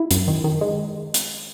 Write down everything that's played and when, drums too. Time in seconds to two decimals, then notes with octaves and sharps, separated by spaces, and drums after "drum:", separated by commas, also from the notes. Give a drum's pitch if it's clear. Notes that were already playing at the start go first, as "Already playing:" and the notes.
Already playing: E4
0.11 F#2, drum: hi-hat
0.28 D#3
0.44 D#3
0.61 G#3
1.14 drum: hi-hat